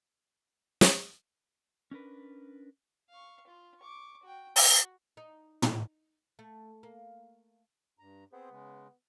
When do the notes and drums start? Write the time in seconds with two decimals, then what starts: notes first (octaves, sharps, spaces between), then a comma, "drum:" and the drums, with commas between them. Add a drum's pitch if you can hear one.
0.81 drum: snare
1.91 C#4 D4 A#4 B4
3.10 F5 C#6
3.47 F4
3.80 C#6 D6
4.23 F#4 G5
4.56 F#4, drum: open hi-hat
5.17 D#4
5.62 drum: tom
6.39 A3
6.83 A#3
7.99 G2 A#5
8.33 B3 C4 G#4 C5
8.50 C#3 G#3